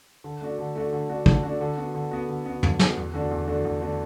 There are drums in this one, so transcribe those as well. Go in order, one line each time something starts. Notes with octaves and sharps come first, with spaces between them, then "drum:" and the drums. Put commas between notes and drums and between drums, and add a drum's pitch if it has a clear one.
D3
A3 D4 F#4
D3
A3 D4 F#4
D3
A3 D4 F#4
D3, drum: kick
A3 D4 F#4
D3
B3 F#4
D3
B3 F#4
D3
B3 F#4
D3, drum: tom
B3 F#4, drum: snare
E2
D3 A3 D4 F#4
E2
D3 A3 D4 F#4
E2
D3 A3 D4 F#4